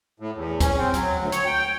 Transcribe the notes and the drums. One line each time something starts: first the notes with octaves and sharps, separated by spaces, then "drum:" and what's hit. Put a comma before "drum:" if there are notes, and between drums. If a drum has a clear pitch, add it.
A2
E2
C#4, drum: kick D2, hi-hat
C4
F#3, drum: hi-hat
D2
C#5, drum: hi-hat
G5